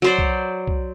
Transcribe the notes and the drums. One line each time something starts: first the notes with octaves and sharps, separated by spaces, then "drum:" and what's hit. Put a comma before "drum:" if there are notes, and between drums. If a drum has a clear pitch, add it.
F#3 C5 D5
drum: kick
drum: kick